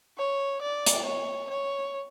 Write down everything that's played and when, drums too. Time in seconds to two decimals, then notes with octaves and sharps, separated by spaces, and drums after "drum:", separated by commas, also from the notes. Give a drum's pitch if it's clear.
0.18 C#5
0.62 D5
0.86 drum: hi-hat
1.05 C#5
1.50 C#5